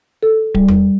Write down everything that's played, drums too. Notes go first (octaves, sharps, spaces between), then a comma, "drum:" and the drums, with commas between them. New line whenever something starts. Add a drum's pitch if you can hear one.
A4
G3, drum: kick D1
drum: tom E2